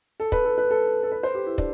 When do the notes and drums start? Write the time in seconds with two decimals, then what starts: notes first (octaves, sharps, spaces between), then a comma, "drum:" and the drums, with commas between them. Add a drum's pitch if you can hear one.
0.20 A4
0.32 B4, drum: kick
0.45 A4
0.58 B4
0.71 A4
1.03 A4
1.12 B4
1.23 C5
1.35 G4
1.46 E4
1.58 D4, drum: kick